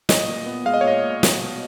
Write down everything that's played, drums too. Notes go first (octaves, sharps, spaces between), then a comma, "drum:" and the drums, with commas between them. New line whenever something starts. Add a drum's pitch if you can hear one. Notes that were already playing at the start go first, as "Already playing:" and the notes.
A#2 D#5, drum: snare
A#2
B3
G#3 F5
D#5
C#5
A#2 D#5
A#2
B2, drum: snare
B2